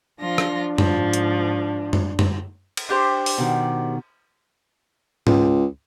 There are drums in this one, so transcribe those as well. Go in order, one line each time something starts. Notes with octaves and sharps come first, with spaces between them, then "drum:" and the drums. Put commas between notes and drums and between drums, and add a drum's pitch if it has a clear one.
F3 D4 F4 A#6
drum: rim click
G#2 F3, drum: tom F#2
drum: hi-hat
drum: tom F#2
drum: tom F#2
drum: cymbal
D4 G4 C5
drum: open hi-hat
B2 D#3
C#2, drum: tom G#2